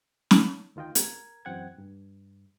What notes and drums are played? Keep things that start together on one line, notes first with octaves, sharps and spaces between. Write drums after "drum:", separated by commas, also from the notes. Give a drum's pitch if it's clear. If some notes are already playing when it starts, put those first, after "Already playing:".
drum: snare
D2 D#3 F4 D#5 G5
A#4 G#6, drum: hi-hat
F#2 E3 C4 F#5 G5 G#6
G2